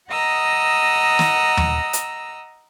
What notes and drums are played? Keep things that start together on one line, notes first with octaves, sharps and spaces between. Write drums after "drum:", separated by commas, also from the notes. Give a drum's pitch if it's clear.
D#5 F#5 A#5 D#6 E6
drum: snare
drum: tom D#2
drum: hi-hat